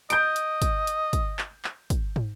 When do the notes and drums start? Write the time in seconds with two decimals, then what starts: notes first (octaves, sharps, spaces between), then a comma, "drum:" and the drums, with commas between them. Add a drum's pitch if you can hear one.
0.10 D#5 G6 D7, drum: hi-hat
0.36 drum: hi-hat
0.62 drum: kick, hi-hat
0.87 drum: hi-hat
1.13 drum: kick, hi-hat
1.39 drum: clap
1.65 drum: clap
1.90 drum: kick, hi-hat
2.16 drum: tom